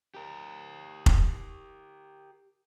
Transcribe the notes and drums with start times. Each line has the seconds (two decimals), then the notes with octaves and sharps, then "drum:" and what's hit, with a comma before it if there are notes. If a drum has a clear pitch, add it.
0.15 G4 A#4
1.06 drum: kick F1